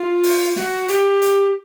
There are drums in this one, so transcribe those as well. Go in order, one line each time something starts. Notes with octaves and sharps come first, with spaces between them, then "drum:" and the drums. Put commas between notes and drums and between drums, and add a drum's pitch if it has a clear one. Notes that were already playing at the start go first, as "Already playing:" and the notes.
Already playing: F4
drum: open hi-hat
F#4, drum: snare
G4, drum: hi-hat
drum: hi-hat